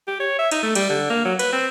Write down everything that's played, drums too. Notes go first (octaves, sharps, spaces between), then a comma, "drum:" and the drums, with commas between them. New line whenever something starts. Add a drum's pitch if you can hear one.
G4
C#5
E5
D#4, drum: cymbal
A3
G3, drum: cymbal
D3
A#3
F#3
B4, drum: cymbal
C4